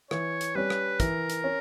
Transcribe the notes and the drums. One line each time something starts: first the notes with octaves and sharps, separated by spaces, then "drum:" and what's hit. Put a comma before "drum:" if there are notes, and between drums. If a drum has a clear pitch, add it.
E3 C#5, drum: rim click
drum: hi-hat
G3 C#4 B4
drum: rim click
E3 A#4, drum: kick, hi-hat
drum: hi-hat
C#4